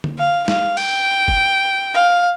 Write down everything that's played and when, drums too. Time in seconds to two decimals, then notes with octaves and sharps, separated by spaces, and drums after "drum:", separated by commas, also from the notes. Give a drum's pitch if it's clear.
0.04 drum: tom D3
0.18 F5
0.48 F5, drum: snare
0.77 G5, drum: cymbal
1.28 drum: kick
1.95 F5